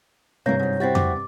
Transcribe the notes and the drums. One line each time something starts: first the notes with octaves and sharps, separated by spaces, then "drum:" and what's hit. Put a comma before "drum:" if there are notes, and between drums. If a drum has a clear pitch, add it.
G2 C3 E3 A#3 C#5 G6 A#6
G#2 F3
C4 E4 F#4 G4 A6
D6, drum: tom F2